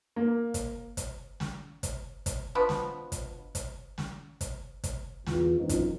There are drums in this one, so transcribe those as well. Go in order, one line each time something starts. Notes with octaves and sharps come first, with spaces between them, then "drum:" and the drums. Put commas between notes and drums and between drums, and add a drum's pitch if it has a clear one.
A#3
drum: kick, hi-hat
drum: kick, hi-hat
drum: snare
drum: kick, hi-hat
drum: kick, hi-hat
B2 F3 D4 B4
drum: snare
drum: kick, hi-hat
drum: kick, hi-hat
drum: snare
drum: kick, hi-hat
drum: kick, hi-hat
E2 F4, drum: snare
G#1 F#2 E3 C4 D#4 F4
drum: kick, hi-hat